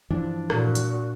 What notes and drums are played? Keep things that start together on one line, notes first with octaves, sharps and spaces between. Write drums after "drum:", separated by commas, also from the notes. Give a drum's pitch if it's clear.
G2 E3 F3 D4
A#2 F#4, drum: rim click
drum: hi-hat